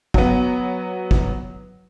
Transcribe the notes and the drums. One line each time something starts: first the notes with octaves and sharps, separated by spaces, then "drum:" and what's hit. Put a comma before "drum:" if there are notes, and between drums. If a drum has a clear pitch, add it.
F#3 B3, drum: kick
drum: kick